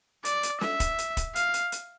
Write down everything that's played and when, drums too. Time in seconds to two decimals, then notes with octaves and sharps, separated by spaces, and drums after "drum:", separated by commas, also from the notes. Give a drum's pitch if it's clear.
0.25 D5, drum: hi-hat
0.43 drum: hi-hat
0.61 E5, drum: snare
0.80 drum: kick, hi-hat
0.98 drum: hi-hat
1.17 drum: kick, hi-hat
1.36 F5, drum: hi-hat
1.54 drum: hi-hat
1.72 drum: hi-hat